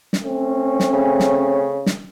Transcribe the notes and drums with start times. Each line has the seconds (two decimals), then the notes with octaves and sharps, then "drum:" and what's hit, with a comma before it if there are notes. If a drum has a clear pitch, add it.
0.13 drum: snare
0.24 A3 C4 C#4
0.80 drum: snare
0.93 C#3
1.20 drum: snare
1.86 drum: snare